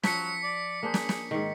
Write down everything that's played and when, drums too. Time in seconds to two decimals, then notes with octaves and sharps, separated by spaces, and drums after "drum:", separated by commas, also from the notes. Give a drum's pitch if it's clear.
0.03 F3 F#3 B6 C#7, drum: snare
0.44 D5
0.83 A#3 D4 G#4 C5
0.94 drum: snare
1.09 drum: snare
1.31 G#2 D#3